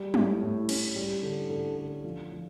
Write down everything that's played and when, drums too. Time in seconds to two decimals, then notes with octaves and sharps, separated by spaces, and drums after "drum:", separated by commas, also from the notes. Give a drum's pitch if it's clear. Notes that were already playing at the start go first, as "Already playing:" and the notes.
Already playing: G3
0.14 A2, drum: tom
0.41 A2
0.69 C#4, drum: cymbal
0.96 G3
1.23 D3
1.50 D3
1.77 D3
2.04 F3
2.32 F3